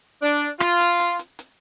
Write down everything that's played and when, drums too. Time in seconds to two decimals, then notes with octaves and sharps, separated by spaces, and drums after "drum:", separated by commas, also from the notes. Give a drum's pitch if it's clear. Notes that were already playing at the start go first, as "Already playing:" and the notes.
0.22 D4
0.60 F4, drum: rim click
0.80 drum: hi-hat
1.00 drum: hi-hat
1.19 drum: hi-hat
1.39 drum: hi-hat